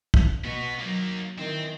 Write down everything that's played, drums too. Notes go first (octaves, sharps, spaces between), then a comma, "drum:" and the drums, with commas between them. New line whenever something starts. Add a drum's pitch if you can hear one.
drum: kick
B2 B3 F#4
F#3 A#3 D#4
D#3 E3 C4